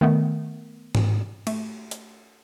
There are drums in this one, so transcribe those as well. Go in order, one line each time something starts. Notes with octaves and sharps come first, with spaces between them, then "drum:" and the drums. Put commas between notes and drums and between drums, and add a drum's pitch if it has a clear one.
D#3 A3 B3
drum: tom G#2
A3, drum: cymbal
drum: hi-hat